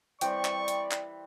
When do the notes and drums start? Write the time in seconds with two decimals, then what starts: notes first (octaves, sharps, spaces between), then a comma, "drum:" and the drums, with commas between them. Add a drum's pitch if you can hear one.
0.21 E3 G3 C4 D5 G5 C#6, drum: hi-hat
0.45 drum: clap
0.68 drum: hi-hat
0.91 drum: clap